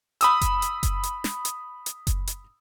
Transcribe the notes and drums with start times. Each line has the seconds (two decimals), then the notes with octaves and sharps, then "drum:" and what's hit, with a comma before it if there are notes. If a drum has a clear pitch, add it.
0.21 B5 D#6 E6, drum: hi-hat
0.41 drum: kick F#1, hi-hat
0.62 drum: hi-hat
0.83 drum: kick F#1, hi-hat
1.03 drum: hi-hat
1.24 drum: snare
1.45 drum: hi-hat
1.86 drum: hi-hat
2.07 drum: kick F#1, hi-hat
2.27 drum: hi-hat